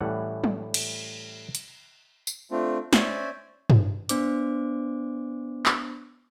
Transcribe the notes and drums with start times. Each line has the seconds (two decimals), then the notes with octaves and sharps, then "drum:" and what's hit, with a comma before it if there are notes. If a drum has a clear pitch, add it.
0.01 A2 E3 G3 C#4 F#5
0.44 drum: tom
0.74 drum: cymbal
1.55 drum: hi-hat
2.27 drum: tambourine
2.51 A3 C4 D4 F4
2.93 C#4 C5 D5 E5 G#5, drum: snare
3.70 drum: tom G2
4.09 B3 D4 C5 D6, drum: hi-hat
5.66 drum: clap